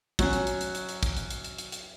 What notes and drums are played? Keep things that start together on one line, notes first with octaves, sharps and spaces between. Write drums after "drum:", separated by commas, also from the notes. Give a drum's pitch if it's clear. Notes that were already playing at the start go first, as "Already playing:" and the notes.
F#3 C#4, drum: kick, hi-hat
drum: hi-hat
drum: hi-hat
drum: hi-hat
drum: hi-hat
drum: hi-hat
drum: kick, hi-hat
drum: hi-hat
drum: hi-hat
drum: hi-hat
drum: hi-hat
drum: hi-hat